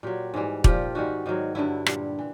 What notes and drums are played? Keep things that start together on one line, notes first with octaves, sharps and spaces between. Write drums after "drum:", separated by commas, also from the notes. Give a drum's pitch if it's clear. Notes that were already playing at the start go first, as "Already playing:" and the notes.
A#2 F#3 G4
G#2 E3 G3
A#2 F3 G4, drum: kick
G#2 D#3 G3 F#4
G#2 D#3 F#3
G2 D3 F#3 E4
A#2 G3, drum: rim click
E3